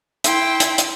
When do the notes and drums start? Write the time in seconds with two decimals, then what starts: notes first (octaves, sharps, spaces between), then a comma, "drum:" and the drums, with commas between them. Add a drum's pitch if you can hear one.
0.24 E4 G5 C6, drum: hi-hat
0.60 drum: hi-hat
0.78 drum: hi-hat